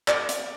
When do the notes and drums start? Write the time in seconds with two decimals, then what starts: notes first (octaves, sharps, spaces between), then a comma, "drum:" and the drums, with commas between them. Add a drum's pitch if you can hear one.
0.08 D5, drum: clap
0.29 drum: hi-hat